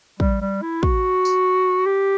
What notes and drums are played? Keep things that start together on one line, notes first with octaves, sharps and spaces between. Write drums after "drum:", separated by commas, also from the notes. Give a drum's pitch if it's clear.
G3, drum: kick
G3
E4
F#4, drum: kick
drum: tambourine
G4